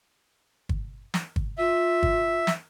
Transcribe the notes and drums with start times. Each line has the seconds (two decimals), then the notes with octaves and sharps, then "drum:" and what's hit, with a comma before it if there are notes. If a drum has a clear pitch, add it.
0.69 drum: kick
1.14 drum: snare
1.36 drum: kick
1.58 F4 E5
2.03 drum: kick
2.47 drum: snare